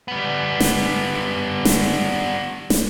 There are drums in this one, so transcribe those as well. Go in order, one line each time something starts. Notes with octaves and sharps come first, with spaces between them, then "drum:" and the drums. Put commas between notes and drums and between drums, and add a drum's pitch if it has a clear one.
G3 B3
drum: snare
drum: snare
drum: snare